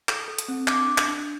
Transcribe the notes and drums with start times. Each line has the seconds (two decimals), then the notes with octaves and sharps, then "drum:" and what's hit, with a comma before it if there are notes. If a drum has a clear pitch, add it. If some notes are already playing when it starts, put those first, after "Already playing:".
0.09 A4, drum: clap
0.28 A4
0.38 drum: hi-hat
0.48 C4
0.68 D4 D6, drum: clap
0.88 D4
0.98 drum: clap
1.08 D4